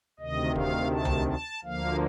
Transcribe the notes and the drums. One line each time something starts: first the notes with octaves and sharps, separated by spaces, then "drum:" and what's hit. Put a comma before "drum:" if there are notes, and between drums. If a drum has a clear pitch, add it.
D2 C3 D#3 D#5
F5, drum: kick
A5
drum: tom C2
A5
D2 D3 F3 A#3 F5